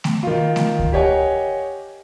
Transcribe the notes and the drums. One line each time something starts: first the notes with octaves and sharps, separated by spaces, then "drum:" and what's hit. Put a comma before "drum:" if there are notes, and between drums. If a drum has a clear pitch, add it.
drum: snare A3
D#3 F4
drum: snare A3
drum: kick C#2
G4 A#4 C#5 D#5 F#5 G#5